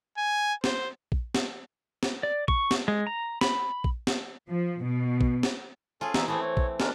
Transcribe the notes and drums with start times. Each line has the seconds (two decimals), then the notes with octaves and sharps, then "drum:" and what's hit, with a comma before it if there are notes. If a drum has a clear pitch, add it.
0.18 G#5
0.64 C5, drum: snare
1.12 drum: kick A#1
1.35 drum: snare
2.03 drum: snare
2.23 D5
2.48 C#6, drum: kick A#1
2.71 drum: snare
2.88 G#3
3.07 A#5
3.41 B5, drum: snare
3.84 drum: kick A#1
4.07 drum: snare
4.50 F3
4.83 B2
5.21 drum: kick A#1
5.43 drum: snare
6.01 C#4 F4 G#4 A4
6.14 E3 D#4 E5, drum: snare
6.28 E3 A3 C4 E4 G#4 A4
6.42 C#5
6.57 drum: kick A#1
6.80 G#3 C#4 D4 A#4, drum: snare